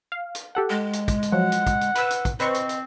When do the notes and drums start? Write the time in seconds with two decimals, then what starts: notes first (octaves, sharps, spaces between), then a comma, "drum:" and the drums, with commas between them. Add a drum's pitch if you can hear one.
0.12 F5
0.35 drum: hi-hat
0.55 G4 A4 F#5
0.70 G#3
0.93 drum: hi-hat
1.08 drum: kick, hi-hat
1.23 drum: hi-hat
1.32 F3 F#3 F#5
1.52 drum: hi-hat
1.67 drum: kick, hi-hat
1.81 drum: hi-hat
1.95 B4 B5 E6, drum: hi-hat
2.10 drum: hi-hat
2.25 drum: kick, hi-hat
2.40 C4 B4 C5 D#5 C#6, drum: hi-hat
2.54 drum: hi-hat
2.69 drum: hi-hat